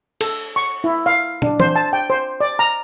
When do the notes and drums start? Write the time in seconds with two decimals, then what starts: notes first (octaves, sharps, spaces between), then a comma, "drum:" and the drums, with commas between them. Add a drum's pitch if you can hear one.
0.21 A4, drum: cymbal
0.56 C#6
0.84 E4
1.06 F5
1.42 D4, drum: tom
1.60 C5, drum: tom E3
1.76 A5
1.93 G5
2.10 C5
2.40 D5
2.59 A#5